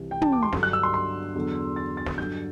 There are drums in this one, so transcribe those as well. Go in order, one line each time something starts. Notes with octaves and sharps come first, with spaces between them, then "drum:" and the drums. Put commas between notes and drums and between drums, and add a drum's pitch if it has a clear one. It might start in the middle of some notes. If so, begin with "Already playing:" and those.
Already playing: C2 C3 E3
G5
A5, drum: tom
D6
C6
G2 D3 F#3, drum: snare
F#6
E6
C6
C6
E2 D3 F#3
A6
A6
drum: snare
G2 D3 F#3 G6